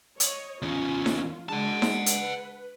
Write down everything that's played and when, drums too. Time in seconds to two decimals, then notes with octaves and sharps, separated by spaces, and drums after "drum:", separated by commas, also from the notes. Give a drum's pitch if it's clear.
0.20 C#5 D#5, drum: hi-hat
0.62 E2 C#4 F4
1.06 drum: snare D#4
1.49 G#3 D4 F#4 F#5 A5
1.82 drum: snare D#4
2.06 B4, drum: hi-hat